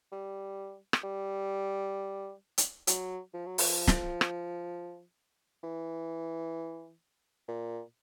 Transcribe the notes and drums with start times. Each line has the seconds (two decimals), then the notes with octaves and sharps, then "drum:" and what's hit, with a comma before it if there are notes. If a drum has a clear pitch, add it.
0.12 G3
0.93 drum: rim click
1.04 G3
2.58 drum: hi-hat
2.87 F#3, drum: hi-hat
3.34 F3
3.46 F#3
3.58 F3, drum: open hi-hat
3.88 drum: snare
4.21 drum: rim click
5.63 E3
7.48 A#2